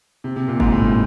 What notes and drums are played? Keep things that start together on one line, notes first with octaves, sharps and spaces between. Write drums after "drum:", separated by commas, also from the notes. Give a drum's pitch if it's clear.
C3
C3
A#2
G#2, drum: kick F#1
A2